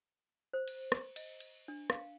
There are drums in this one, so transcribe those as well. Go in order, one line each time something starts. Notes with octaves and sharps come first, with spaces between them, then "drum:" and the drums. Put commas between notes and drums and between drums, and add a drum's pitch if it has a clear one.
C5
drum: cymbal
drum: rim click
D#5, drum: cymbal
drum: cymbal
D4
F5, drum: rim click